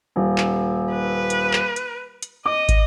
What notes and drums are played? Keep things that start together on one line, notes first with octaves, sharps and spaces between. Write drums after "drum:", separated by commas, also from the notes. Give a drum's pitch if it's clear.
D#1
drum: clap
B4
drum: hi-hat
drum: clap
drum: hi-hat
drum: hi-hat
D#5 D6
drum: kick, hi-hat